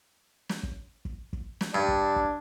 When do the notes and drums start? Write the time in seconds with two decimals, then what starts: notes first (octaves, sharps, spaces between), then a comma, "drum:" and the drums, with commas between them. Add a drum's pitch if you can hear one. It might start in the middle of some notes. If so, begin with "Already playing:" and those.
0.49 drum: snare
0.63 drum: kick
1.05 drum: kick
1.33 drum: kick
1.61 drum: snare
1.75 G2 D4
1.88 drum: kick
2.16 drum: kick